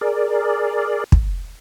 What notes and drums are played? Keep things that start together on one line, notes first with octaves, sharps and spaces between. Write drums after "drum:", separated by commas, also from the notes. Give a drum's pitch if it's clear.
G#4 A#4 D5
drum: kick